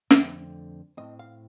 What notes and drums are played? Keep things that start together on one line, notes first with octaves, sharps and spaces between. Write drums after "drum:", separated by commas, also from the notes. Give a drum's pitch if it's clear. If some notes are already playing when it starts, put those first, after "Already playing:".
F2 D3 A3 C4, drum: snare
A2 A3 C4 D#5
F5